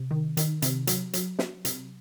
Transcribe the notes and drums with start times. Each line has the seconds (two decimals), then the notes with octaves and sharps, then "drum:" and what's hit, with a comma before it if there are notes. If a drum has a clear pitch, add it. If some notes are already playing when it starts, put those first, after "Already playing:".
Already playing: C3
0.11 D#3
0.37 D#3, drum: hi-hat
0.62 C3, drum: hi-hat
0.87 F#3, drum: hi-hat
1.13 F#3, drum: hi-hat
1.39 F#3, drum: snare
1.65 C3, drum: hi-hat